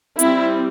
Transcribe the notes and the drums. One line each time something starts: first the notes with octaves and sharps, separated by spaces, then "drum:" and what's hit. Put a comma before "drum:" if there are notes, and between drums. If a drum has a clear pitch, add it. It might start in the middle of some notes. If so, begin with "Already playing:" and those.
G3 C4 E4, drum: hi-hat